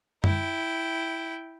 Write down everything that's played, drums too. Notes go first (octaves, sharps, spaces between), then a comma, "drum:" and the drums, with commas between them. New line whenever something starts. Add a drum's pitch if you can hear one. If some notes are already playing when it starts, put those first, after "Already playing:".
E4 G5, drum: tom F#2